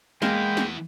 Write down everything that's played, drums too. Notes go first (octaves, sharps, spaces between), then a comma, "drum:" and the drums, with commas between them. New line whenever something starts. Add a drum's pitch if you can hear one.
E3 G#3 A#3 B3 G5, drum: snare
drum: snare